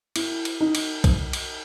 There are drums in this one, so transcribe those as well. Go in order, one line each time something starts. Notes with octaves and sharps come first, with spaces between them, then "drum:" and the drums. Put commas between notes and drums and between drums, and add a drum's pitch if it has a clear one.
E4, drum: cymbal
drum: cymbal
D#4
drum: cymbal
drum: kick, cymbal
drum: cymbal